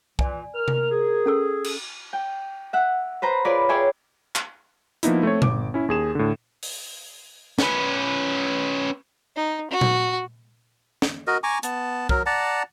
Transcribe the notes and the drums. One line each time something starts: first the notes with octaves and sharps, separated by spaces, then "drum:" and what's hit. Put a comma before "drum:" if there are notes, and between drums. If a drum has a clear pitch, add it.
A#2 E3 D5 G#5, drum: kick
A#4 F6
drum: tom C3
G#4
C#4 A4 E6
drum: cymbal
G5
E5 F#5
B4 C5 A#5
F4 G#4 A#4 B4 C#5 D5
G#4 C#5 D5 E5 G5 G#5
drum: clap
F3 A#3 B3 D#4 E4, drum: hi-hat
A3 C4 C#5
G1 D6, drum: tom A#2
C#4 E4
D#2 G#4 E7
A2 D3
drum: open hi-hat
C#4 B4, drum: snare
D#4
F#4
drum: tom A#2
drum: snare
F#4 A#4 D#5
G#5 A#5 C#6 D6
B3 A5, drum: hi-hat
F#3 A#4, drum: kick
D5 F#5 A5 A#5